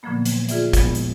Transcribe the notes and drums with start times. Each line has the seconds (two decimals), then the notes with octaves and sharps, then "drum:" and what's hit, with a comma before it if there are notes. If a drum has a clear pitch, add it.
0.03 A#2 D3 F3 F#3 A#3 B3
0.25 drum: hi-hat
0.48 F4 G#4 D5 E5, drum: hi-hat
0.73 A#2 F3 G#3 B3, drum: kick, hi-hat
0.95 drum: hi-hat